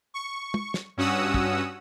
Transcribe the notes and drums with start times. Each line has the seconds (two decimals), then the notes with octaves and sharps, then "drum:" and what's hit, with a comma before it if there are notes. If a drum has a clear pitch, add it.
0.14 C#6
0.54 drum: tom
0.74 drum: snare
0.97 G2 C#4 F#4 F#5 D#6 E6
1.34 drum: kick